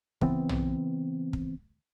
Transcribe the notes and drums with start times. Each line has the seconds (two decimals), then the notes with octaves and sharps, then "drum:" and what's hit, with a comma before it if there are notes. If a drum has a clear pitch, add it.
0.21 C#3 E3 B3 C4, drum: kick
0.49 drum: tom
1.33 drum: kick